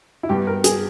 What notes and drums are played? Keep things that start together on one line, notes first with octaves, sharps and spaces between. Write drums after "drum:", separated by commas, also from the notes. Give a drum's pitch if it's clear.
E4
G2 G3 B3 G4
A#4
G#4, drum: hi-hat